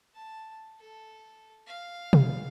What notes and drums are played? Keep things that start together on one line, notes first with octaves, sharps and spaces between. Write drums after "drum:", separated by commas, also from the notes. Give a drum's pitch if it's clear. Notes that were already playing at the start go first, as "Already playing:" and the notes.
A5
A4
F5
drum: tom B2